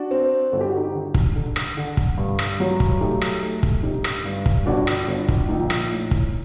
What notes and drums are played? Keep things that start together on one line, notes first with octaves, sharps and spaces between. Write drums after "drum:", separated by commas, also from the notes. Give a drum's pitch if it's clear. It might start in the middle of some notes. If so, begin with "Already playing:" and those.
Already playing: D4 F#4
C4
G1 A4
G4
F#4
D#4 G4
D3
drum: kick
D3
drum: rim click
D3
drum: kick
G2
drum: rim click
F#3
drum: kick
A3 D#4 G4
drum: rim click
A3
drum: kick
G1 D#4 G4
drum: rim click
G2
drum: kick
G1 D4 F#4
drum: rim click
G1
drum: kick
A#1 D#4
drum: rim click
A2
drum: kick